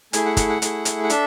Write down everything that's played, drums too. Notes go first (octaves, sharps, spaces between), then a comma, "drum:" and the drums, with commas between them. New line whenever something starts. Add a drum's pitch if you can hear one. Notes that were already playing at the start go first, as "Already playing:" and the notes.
A3 E4 G#4 G#5, drum: hi-hat
F#5
F#5, drum: kick, hi-hat
F#5
A3 E4 G#4, drum: hi-hat
drum: hi-hat
F#5
D4 A4 E5, drum: hi-hat